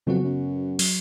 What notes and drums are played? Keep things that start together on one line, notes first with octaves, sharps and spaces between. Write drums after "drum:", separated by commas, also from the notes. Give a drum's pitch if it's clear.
F2 C#3 F#3 B3 F#4
F#2
F#3, drum: open hi-hat